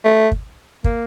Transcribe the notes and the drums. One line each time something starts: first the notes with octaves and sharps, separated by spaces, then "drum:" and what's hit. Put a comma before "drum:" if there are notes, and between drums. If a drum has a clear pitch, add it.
A3
drum: kick
A#3, drum: kick